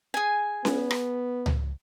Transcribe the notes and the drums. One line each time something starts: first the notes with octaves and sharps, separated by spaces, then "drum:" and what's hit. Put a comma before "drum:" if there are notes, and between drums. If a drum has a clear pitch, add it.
G#4 G#5
B3, drum: snare C#4
drum: rim click
drum: tom C#2